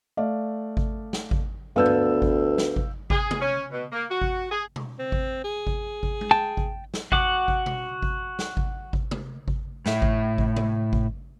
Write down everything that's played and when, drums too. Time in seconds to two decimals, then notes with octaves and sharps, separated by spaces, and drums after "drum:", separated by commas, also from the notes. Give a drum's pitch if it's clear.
0.17 A3 D5 F5
0.77 drum: kick G#1
1.13 drum: snare
1.31 drum: kick G#1
1.76 D2 B3 D4 F5 E6 G6
1.86 drum: tom G2
2.22 drum: kick G#1
2.58 drum: snare
2.76 drum: kick G#1
3.10 G#4, drum: kick G#1
3.31 drum: tom C3
3.40 C#4
3.71 B2
3.92 A#3
4.10 F#4
4.22 drum: kick G#1
4.51 G#4
4.76 drum: tom B2
4.99 C4
5.12 drum: kick G#1
5.44 G#4
5.67 drum: kick G#1
6.03 drum: kick G#1
6.21 drum: tom G#3
6.31 G5 A5
6.57 drum: kick G#1
6.94 drum: snare
7.12 F#4 F#5 D6, drum: kick G#1
7.48 drum: kick G#1
7.66 drum: tom B2
8.02 drum: kick G#1
8.39 drum: snare
8.57 drum: kick G#1
8.93 drum: kick G#1
9.11 drum: tom C3
9.48 drum: kick G#1
9.86 A2 E5, drum: snare
10.02 drum: kick G#1
10.38 drum: kick G#1
10.56 drum: tom C3
10.93 drum: kick G#1